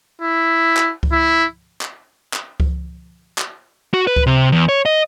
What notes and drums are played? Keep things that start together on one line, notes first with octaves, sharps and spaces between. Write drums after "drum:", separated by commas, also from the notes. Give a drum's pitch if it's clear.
E4
drum: clap
drum: kick C#2
E4
drum: clap
drum: clap
drum: kick C#2
drum: clap
F#4
B4
drum: kick C#2
C3
E2
C#5
D#5